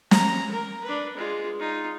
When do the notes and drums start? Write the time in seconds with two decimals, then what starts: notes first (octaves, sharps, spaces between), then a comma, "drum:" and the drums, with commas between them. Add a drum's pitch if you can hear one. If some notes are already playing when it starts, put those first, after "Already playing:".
0.11 A#5, drum: snare
0.51 A#4
0.84 D4 B4
1.17 G#3 F4
1.59 D#4 F4